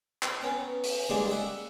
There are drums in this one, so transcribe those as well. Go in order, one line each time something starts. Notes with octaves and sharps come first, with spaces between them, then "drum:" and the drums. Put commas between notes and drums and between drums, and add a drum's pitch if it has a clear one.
C5 G5 B5, drum: clap
B3 C#4 A#5
drum: open hi-hat
C#3 G3 G#3 A#3 D4 D#4
E5 F#5